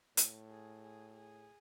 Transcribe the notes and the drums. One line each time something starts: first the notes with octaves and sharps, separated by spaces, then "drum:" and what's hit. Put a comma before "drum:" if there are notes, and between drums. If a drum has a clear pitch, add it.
A2, drum: hi-hat
G#4
G#4
G#4